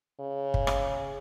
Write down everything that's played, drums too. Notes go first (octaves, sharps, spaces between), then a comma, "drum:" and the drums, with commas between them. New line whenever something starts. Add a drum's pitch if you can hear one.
C#3
drum: kick G1
drum: rim click